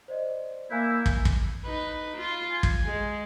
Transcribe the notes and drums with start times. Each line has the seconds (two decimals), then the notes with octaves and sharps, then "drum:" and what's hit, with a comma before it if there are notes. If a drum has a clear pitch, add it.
0.08 C5 D5 D#5
0.70 A#3 E4 G#5 F#6 G6
1.06 drum: kick
1.25 drum: kick
1.65 D#4 B4
2.17 F4
2.51 G#5
2.63 drum: kick
2.87 G#3